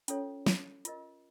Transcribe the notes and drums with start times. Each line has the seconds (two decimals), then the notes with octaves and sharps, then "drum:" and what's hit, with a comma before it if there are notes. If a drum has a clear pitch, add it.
0.08 C#4 F4 A4 C#5, drum: hi-hat
0.46 drum: snare
0.85 F4 A#4 D#5, drum: hi-hat